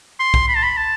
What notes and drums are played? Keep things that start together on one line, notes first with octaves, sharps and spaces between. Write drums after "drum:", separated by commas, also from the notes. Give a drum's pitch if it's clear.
C6
drum: kick
B5
A5
B5
A5